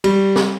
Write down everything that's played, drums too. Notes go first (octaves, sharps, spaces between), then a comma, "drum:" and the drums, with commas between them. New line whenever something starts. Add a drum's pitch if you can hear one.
G3, drum: cymbal
drum: snare